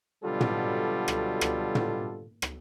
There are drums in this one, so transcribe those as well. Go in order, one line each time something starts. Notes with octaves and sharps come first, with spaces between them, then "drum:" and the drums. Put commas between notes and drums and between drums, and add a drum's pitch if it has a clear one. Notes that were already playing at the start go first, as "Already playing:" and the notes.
B2 D3 F#3 G3 F4 A4
drum: tom
drum: rim click
drum: rim click
drum: tom
drum: rim click